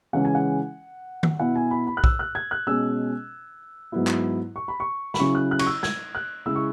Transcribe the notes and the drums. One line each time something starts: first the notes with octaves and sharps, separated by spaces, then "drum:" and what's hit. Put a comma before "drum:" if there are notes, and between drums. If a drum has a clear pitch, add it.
C#3 E3 G#3 C#4 F#5
G#5
F#5
drum: tom D#3
B2 B3 E4 F#5
G#5
B5
B5
F#6
E6, drum: kick B1
F#6
G#6
F#6
B2 G#3 C#4 E6
G#2 F#3 B3 E4
drum: clap
C#6
B5
C#6
B5, drum: snare
C#3 F#3 C#4 E4 C#6
F#6
F#6
C#6, drum: cymbal
E6
G#6, drum: snare
F#6
C#3 G#3 E4 E6
C#6